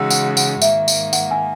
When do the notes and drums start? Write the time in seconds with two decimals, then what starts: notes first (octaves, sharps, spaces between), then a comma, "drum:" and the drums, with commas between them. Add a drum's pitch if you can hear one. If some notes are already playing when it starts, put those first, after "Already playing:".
Already playing: C#3 E3 G#3 D#4 F#4 F#5 E6
0.10 F#5, drum: tambourine
0.37 F#5, drum: tambourine
0.62 G#2 D#3 A#3 E5, drum: tambourine
0.88 drum: tambourine
1.13 F#5, drum: tambourine
1.31 G#5